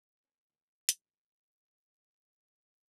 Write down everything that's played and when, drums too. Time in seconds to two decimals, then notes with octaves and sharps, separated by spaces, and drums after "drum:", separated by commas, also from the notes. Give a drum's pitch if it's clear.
0.22 A#3 C4 D4 C#5 G#5 A5
0.49 D#2 A3 D#4 A#4 F#5
0.89 B1 G2 A#2 G3 C#6, drum: hi-hat